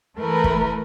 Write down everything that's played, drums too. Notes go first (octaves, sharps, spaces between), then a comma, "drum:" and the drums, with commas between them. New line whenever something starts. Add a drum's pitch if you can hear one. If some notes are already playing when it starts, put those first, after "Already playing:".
E3 A3 A#4 B4
drum: kick